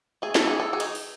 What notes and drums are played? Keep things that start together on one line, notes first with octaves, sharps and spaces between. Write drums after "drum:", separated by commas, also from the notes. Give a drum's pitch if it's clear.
A3 G#4
A4, drum: snare
E3 G#4
A4
F#4 G#4
D#4, drum: cymbal
drum: open hi-hat